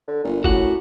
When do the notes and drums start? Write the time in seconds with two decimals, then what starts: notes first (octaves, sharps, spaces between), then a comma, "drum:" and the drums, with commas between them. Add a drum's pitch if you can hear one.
0.08 D3
0.24 G1 A#2
0.44 F#2 A2 F#4 G4 F#5, drum: kick